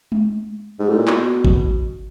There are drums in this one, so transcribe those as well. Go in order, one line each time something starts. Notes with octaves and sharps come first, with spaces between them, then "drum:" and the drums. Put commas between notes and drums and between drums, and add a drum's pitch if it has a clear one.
drum: tom G#3
G#2
A2
A#2
B2, drum: clap
drum: kick G#1